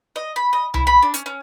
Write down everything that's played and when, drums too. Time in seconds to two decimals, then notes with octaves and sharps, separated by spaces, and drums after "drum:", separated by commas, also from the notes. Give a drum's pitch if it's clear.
0.16 D#5
0.36 B5
0.53 D#5
0.74 E4, drum: tom C2
0.87 B5
1.02 D4
1.14 C#4, drum: hi-hat
1.26 C#4